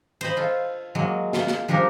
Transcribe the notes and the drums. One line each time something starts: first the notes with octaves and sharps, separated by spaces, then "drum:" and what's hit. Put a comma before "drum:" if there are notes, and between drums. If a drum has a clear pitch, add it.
C5 D#5 B5, drum: cymbal
F4 A4
F#3 G#3 A#3
F4, drum: snare
drum: snare
F3 G3 D4 G4 A#4